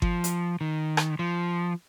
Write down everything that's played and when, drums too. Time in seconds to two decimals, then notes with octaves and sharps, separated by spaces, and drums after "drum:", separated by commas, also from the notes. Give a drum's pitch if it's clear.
0.02 F3, drum: kick G1
0.24 drum: hi-hat
0.61 D#3
0.97 drum: rim click
1.19 F3